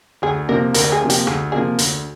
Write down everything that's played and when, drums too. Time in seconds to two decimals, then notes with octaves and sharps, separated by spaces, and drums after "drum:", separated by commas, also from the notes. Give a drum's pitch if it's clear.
0.22 D2 G#4
0.49 C3 F3 A#3 A#4
0.74 D2 A#4, drum: hi-hat
0.84 A#4
0.92 G#4
1.01 C3 F3 A#3
1.10 G4, drum: hi-hat
1.27 D2 G#4, drum: rim click
1.52 C3 F3 A#3 G#4
1.79 D2, drum: hi-hat